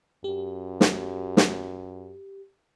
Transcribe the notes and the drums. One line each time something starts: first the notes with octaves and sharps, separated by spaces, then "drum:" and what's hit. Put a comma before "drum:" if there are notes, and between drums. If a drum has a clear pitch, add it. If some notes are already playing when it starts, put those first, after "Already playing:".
F#2 G4
drum: snare
drum: snare